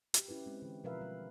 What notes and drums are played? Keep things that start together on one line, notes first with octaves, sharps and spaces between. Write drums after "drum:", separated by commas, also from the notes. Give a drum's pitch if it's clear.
F#4 G4, drum: hi-hat
C#4 E4 G4 B4
G#3 C4
D3 E3
B2 F3 A#4 B4 E5 F5
D3 G3 G#3 F5